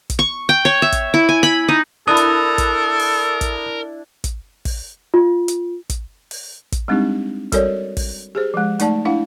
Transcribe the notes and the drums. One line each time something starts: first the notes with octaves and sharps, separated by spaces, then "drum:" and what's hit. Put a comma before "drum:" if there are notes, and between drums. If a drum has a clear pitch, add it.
drum: kick, hi-hat
C#6
G5
C#5
E5
drum: kick, hi-hat
E4
G#5
B5
D#4
D4 E4 A4 A#4 D#6
drum: hi-hat
drum: kick, hi-hat
drum: open hi-hat
drum: kick, hi-hat
drum: kick, hi-hat
drum: kick, open hi-hat
F4
drum: hi-hat
drum: kick, hi-hat
drum: open hi-hat
drum: kick, hi-hat
G3 G#3 C4 D4 D#4 G4
G3 F#4 A4 A#4 C#5 D5, drum: kick, hi-hat
drum: kick, open hi-hat
G4 G#4 C5
F3 G#3
A3 D#4 D5 A5, drum: hi-hat
D4 E4 F5 F#5